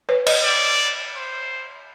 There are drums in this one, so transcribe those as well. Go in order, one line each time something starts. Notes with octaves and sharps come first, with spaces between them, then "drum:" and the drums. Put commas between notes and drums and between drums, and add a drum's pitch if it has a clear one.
B4 C#5
C#5 D#5, drum: cymbal
D5
C5